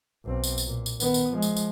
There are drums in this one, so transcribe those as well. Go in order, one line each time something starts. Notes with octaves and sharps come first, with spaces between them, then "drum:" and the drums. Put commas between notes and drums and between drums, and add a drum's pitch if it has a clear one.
B1 C4
drum: tambourine
drum: tambourine
A#2
drum: tambourine
D#3 B3, drum: tambourine
drum: tambourine
F3 G#3
drum: tambourine
drum: tambourine